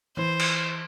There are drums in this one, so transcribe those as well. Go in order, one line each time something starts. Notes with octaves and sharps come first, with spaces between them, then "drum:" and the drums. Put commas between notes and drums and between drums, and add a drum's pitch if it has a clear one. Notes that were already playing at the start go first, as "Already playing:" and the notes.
E3 C5
drum: cymbal